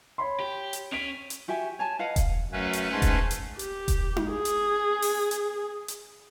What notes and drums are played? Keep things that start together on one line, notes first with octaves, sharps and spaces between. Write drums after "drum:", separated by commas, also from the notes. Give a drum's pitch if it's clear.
C#5 B5 C6
G4
drum: hi-hat
C#4 C#5 B6 D7 F7
drum: hi-hat
F#4 G4 E5 G#5
C#5 G#5 A5
B4 D#5 F5 F#5
drum: kick E1, hi-hat
F#2 A3 C#4 B4 F5 G#5
drum: hi-hat
G#2 G#5 A5 C6
drum: kick E1, hi-hat
drum: hi-hat
G4, drum: hi-hat
drum: kick E1, hi-hat
drum: tom D#4
G#4
drum: hi-hat
drum: open hi-hat
drum: hi-hat
drum: hi-hat